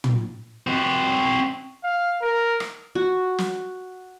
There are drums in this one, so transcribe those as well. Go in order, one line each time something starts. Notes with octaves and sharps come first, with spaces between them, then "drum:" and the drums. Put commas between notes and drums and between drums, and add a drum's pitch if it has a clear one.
drum: tom
C4 F#4
F5
A#4
drum: rim click
F#4
drum: snare